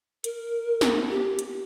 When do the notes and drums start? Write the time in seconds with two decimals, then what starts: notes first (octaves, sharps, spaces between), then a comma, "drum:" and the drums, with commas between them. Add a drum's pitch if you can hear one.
0.24 A#4, drum: hi-hat
0.81 drum: snare
1.10 G4
1.39 drum: hi-hat